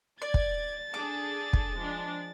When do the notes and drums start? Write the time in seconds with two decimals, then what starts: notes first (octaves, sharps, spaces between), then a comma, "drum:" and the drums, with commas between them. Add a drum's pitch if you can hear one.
0.22 D5 G#6 A6
0.34 drum: kick
0.94 D4 G#4 A4 D6
1.53 drum: kick
1.78 F3 G#3 D4